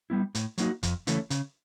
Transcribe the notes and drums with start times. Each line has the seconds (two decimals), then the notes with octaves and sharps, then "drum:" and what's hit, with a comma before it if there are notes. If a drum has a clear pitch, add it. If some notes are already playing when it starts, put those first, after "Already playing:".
0.10 G3 B3 E4
0.35 A2, drum: hi-hat
0.58 F#3 A#3 D#4 F#4, drum: hi-hat
0.83 F2, drum: kick, hi-hat
1.07 C#3 E3 A3 C#4, drum: hi-hat
1.30 C#3, drum: hi-hat